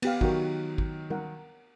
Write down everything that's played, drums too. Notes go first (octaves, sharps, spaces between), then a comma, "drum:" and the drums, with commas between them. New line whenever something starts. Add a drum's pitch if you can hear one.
B3 G4 F5, drum: cymbal
D#3 F#3 F#4 A#4, drum: kick
drum: kick
A#4 F#5, drum: tom